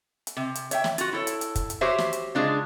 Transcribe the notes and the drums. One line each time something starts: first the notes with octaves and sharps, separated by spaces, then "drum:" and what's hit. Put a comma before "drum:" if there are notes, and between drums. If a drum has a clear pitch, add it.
drum: hi-hat
C3
drum: hi-hat
C#5 E5 G5, drum: hi-hat
drum: snare
F4 F#4, drum: hi-hat
E4 A4 C#5
drum: hi-hat
drum: hi-hat
drum: kick, hi-hat
drum: hi-hat
F#4 G4 C5 C#5 E5
drum: snare
drum: hi-hat
C#3 G#3 D4 F4